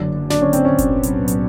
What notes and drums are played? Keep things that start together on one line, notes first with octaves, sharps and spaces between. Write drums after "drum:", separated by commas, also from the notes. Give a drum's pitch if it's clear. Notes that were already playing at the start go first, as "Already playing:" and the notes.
Already playing: F#1 F#2 D3 D4
D4, drum: snare
C#4
C4, drum: hi-hat
C#4
B1 A2 F#3 B3, drum: kick F#1, hi-hat
drum: hi-hat
drum: hi-hat